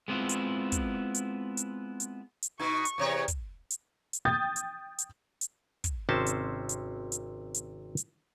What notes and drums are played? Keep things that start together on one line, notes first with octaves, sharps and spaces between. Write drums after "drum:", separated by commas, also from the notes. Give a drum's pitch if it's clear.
G#3 B3 C4 E4 F4
drum: hi-hat
drum: kick, hi-hat
drum: hi-hat
drum: hi-hat
drum: hi-hat
drum: hi-hat
B2 D#4 C#6
drum: hi-hat
E2 C3 C#5
drum: kick, hi-hat
drum: hi-hat
drum: hi-hat
G5 D#6 G6 A6
drum: hi-hat
drum: hi-hat
drum: hi-hat
drum: kick, hi-hat
G#1 C3 C4 C#4 C5 A5
drum: hi-hat
drum: hi-hat
drum: hi-hat
drum: hi-hat
drum: hi-hat